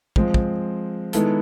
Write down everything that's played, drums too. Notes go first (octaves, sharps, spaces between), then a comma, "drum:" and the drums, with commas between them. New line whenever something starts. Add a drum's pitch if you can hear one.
F3 G#3 C4, drum: kick
drum: kick
D#3 G#3 B3 E4 A4, drum: hi-hat